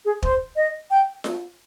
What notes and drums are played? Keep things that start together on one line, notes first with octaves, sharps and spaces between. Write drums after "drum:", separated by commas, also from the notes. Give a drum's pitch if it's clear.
G#4
C5, drum: kick
D#5
G5
drum: snare F4